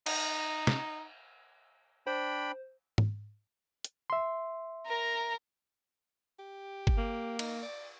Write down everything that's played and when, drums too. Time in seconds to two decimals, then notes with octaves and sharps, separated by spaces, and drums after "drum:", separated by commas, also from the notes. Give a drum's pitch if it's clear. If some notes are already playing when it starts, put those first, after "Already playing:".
0.06 D#4, drum: cymbal
0.67 drum: snare
2.07 D4 C5 G5 B5
2.98 drum: tom G#2
3.84 drum: hi-hat
4.10 E5 C6
4.86 A#4 A#5
6.39 G4
6.87 drum: kick G1
6.97 A#3
7.39 D#4, drum: cymbal
7.63 D5